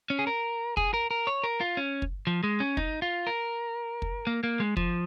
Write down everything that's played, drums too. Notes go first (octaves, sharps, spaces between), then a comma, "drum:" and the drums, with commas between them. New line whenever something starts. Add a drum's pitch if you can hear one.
C#4
G#4
A#4
G#4, drum: kick
A#4
A#4
C#5
A#4
F4
C#4
drum: kick
F3
G#3
C#4
D#4, drum: kick
F4
A#4
drum: kick
A#3
A#3
G#3
F3, drum: kick